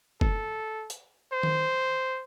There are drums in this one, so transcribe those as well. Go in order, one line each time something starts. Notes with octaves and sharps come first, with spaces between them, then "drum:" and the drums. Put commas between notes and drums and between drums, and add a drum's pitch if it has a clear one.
A4, drum: kick
drum: hi-hat
C5
drum: tom D#3